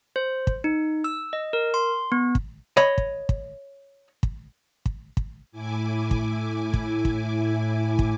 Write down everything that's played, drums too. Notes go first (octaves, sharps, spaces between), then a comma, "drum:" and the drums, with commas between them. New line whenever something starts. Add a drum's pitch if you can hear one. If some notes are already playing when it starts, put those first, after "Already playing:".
C5
drum: kick
D#4
E6
D#5
A#4
C6
B3
drum: kick
C#5 D#5 B5
drum: kick
drum: kick
drum: kick
drum: kick
drum: kick
A2 E4 G#5 D6
drum: kick
drum: kick
drum: kick
drum: kick